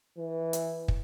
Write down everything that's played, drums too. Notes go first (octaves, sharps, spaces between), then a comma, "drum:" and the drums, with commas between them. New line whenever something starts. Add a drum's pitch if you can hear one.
E3
drum: hi-hat
drum: kick